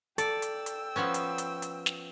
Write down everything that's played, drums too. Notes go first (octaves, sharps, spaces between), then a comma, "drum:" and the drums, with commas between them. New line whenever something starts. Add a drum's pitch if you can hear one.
A4 D5 G5 E6, drum: hi-hat
drum: hi-hat
drum: hi-hat
F3 B3 C#4
drum: hi-hat
drum: hi-hat
drum: hi-hat
drum: snare